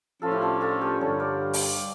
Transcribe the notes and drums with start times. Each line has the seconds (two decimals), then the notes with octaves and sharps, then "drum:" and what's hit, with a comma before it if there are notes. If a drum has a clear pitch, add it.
0.22 A2 F3 C#4 F4 A4
0.31 E4 G4
0.42 D4 F4
0.61 F4 A4
0.81 G4 A#4
1.00 G2 D3 G3 A4 C#5
1.20 A#4 D5
1.53 drum: open hi-hat